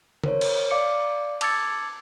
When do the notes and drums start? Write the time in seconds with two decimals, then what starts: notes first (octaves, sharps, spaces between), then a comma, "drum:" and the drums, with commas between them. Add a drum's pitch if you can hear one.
0.24 A#4 C5 C#5, drum: tom C#3
0.41 drum: cymbal
0.71 D5 F5 D6 C#7
1.41 A5 D6 E6 G#6 A6 C#7, drum: cymbal